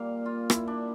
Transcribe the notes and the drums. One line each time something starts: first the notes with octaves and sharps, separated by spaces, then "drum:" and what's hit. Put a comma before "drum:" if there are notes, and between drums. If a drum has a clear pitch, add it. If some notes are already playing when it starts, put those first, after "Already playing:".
Already playing: A#2 G3 A#3 F5
F4
E4, drum: rim click
D4